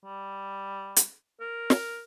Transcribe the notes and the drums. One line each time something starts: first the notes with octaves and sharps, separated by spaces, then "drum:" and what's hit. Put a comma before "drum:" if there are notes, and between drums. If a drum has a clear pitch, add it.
G3
drum: hi-hat
A#4
drum: snare